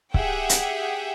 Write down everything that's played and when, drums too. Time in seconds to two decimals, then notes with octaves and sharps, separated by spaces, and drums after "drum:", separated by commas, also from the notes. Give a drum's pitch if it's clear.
0.14 G4 G#4 E5 F#5 G5, drum: kick C#1
0.49 drum: hi-hat